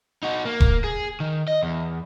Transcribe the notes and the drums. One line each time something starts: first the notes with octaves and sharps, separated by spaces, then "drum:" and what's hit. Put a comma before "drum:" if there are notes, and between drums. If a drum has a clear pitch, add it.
D#4 F#4
A#3
drum: kick E1
G#4
D#3
D#5
E2